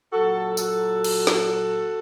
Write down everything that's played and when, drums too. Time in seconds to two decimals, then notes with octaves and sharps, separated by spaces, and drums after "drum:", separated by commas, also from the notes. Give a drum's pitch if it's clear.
0.13 A#2 F#3 F#4 A4
0.57 F#4 A4, drum: tambourine
1.04 drum: cymbal
1.27 drum: snare